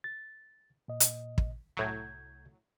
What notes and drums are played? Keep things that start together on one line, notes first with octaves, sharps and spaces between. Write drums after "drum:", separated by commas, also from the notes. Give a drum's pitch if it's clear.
A6
A#2 D#5
drum: hi-hat
drum: kick
C2 A2 F#3 G6 G#6